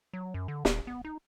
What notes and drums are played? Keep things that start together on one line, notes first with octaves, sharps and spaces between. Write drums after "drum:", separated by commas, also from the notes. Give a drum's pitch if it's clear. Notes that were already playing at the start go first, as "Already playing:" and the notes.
F#3
F#2
D3
D#1, drum: snare
B3
D#4